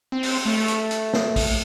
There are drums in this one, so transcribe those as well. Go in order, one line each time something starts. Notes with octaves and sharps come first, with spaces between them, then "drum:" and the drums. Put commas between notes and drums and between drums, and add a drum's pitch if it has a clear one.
C4
drum: open hi-hat
A3, drum: open hi-hat
drum: hi-hat
drum: hi-hat
drum: snare
drum: kick, open hi-hat